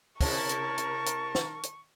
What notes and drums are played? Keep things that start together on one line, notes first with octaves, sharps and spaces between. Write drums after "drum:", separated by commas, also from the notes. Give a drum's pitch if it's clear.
C3 E4 A#4 A5 C#6, drum: kick, open hi-hat
drum: hi-hat
drum: hi-hat
drum: hi-hat
drum: snare
drum: hi-hat